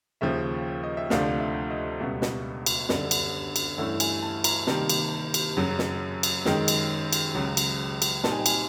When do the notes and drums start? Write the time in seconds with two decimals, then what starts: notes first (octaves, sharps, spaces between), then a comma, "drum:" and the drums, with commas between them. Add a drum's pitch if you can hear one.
0.21 D#2 C#3 F3 E5
0.83 D#5
0.97 E5
1.10 D2 C3 F3 A3 D4 F5, drum: snare
1.40 E5
1.70 D#5
2.00 C#2 B2 G3 B3 E5
2.22 drum: snare
2.66 drum: cymbal
2.89 F#2 D3 G3 B3 D4, drum: snare
3.11 drum: cymbal
3.56 drum: cymbal
3.77 G2 E3 A3 C#4 E4 F#5
4.00 G#5, drum: cymbal
4.23 A5
4.44 A#5, drum: cymbal
4.67 C3 D#3 G3 A#3 A5, drum: snare
4.89 drum: cymbal
5.34 drum: cymbal
5.57 F#2 C#3 F#3
5.79 drum: snare
6.23 drum: cymbal
6.45 F#2 D#3 G#3 G5, drum: snare
6.68 drum: cymbal
7.13 drum: cymbal
7.34 C#2 C#3 F#3
7.57 drum: cymbal
8.02 drum: cymbal
8.24 A#2 G3 C4 D#4 A5, drum: snare
8.32 G#5
8.39 G5
8.46 G#5, drum: cymbal